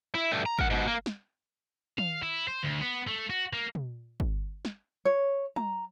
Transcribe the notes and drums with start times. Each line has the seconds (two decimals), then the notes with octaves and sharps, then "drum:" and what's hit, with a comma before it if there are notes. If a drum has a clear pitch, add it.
0.15 E4
0.31 G2 A3
0.46 A#5
0.59 A#4 F#5, drum: kick
0.70 G#2 B2
0.87 A#3
1.06 drum: snare
1.98 F5, drum: tom
2.23 E4
2.48 C5
2.63 D2
2.82 B3
3.08 A3
3.30 F#4
3.53 A#3
3.75 drum: tom
4.20 drum: kick
4.65 drum: snare
5.05 C#5
5.56 A#5, drum: tom